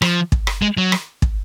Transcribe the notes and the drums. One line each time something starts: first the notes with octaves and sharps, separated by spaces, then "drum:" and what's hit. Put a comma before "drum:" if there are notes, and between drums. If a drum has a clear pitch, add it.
F3, drum: rim click
drum: kick
drum: rim click
G#3
F#3
drum: rim click
drum: kick